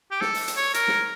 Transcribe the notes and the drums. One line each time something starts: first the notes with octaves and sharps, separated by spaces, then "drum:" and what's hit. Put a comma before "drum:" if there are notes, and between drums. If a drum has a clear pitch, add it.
G4
A4, drum: snare
drum: open hi-hat
drum: hi-hat
C#5
A#4, drum: hi-hat
drum: snare